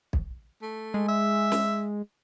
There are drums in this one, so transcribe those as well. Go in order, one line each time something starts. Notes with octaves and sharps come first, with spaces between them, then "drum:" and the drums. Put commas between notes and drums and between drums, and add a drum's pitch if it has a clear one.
drum: kick B1
A3
G#3
E5
drum: snare